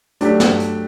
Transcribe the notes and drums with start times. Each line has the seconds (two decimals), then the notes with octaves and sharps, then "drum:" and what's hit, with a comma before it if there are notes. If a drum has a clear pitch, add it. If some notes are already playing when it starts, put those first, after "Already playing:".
0.21 F#3 A3 D4 G4, drum: hi-hat
0.40 drum: snare
0.60 drum: hi-hat